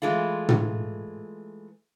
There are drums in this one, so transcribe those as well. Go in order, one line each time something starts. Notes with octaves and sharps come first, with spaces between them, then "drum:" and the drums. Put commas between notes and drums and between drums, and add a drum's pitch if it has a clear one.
E3 G#3 A3 F4
drum: tom